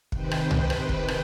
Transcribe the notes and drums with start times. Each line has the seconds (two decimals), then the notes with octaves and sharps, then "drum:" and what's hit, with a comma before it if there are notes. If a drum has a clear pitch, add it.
0.12 C3 D#3 B4 C5 G5, drum: kick
0.31 drum: rim click
0.51 drum: tom C2
0.70 drum: rim click
0.89 drum: kick
1.08 drum: rim click